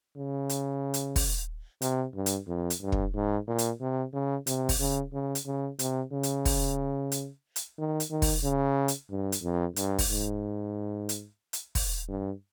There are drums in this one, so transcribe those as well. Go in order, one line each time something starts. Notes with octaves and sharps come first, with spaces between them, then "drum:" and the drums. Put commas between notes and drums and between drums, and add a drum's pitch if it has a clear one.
C#3
drum: hi-hat
drum: hi-hat
drum: kick, open hi-hat
C3, drum: hi-hat
G2
drum: hi-hat
F2
drum: hi-hat
G2
drum: kick
G#2
A#2
drum: hi-hat
C3
C#3
C3, drum: hi-hat
drum: kick, open hi-hat
C#3
C#3
drum: hi-hat
C#3
C3, drum: hi-hat
C#3
drum: hi-hat
drum: kick, open hi-hat
drum: hi-hat
drum: hi-hat
D#3
drum: hi-hat
D#3
drum: kick, open hi-hat
C#3
drum: hi-hat
G2
drum: hi-hat
F2
G2, drum: hi-hat
drum: kick, open hi-hat
G#2
drum: hi-hat
drum: hi-hat
drum: kick, open hi-hat
G2